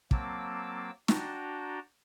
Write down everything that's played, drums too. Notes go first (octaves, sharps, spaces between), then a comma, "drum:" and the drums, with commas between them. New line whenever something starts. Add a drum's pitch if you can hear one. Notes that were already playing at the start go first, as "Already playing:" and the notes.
F#3 A#3 C4 A5 D6 E6, drum: kick
D4 F#4 G5 A5 A#5, drum: snare